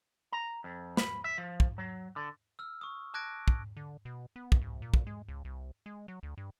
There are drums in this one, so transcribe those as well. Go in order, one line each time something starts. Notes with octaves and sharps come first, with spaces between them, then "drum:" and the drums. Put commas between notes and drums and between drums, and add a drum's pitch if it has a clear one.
A#5
F2
B5, drum: snare
E5
F3
drum: kick
F#3
D3
E6 F6
C#6 D#6
A5 D6 F#6 G#6 A#6 D7
drum: kick
D3
B2
B3
drum: kick
C2
A#2
drum: kick
G#3
C#2
C2
G#3
F#3
D2
G2